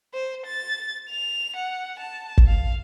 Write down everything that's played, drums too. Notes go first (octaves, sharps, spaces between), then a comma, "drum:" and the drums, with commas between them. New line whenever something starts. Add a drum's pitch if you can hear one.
C5
A6
F7
F#5
A5
drum: kick
F5